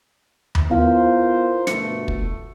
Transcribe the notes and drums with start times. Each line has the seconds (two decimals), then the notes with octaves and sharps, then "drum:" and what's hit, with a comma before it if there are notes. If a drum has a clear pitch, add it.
0.55 drum: tom D#2
0.70 B3 E4 F4 A#4 C5 F5
1.67 G1 B2 A3 C#7, drum: snare
2.08 drum: kick